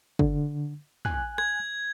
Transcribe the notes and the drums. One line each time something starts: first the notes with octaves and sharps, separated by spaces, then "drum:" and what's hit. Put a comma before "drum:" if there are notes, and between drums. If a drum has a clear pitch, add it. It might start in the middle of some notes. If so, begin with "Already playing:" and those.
D3, drum: kick
G#5 F#6, drum: tom
G#6, drum: rim click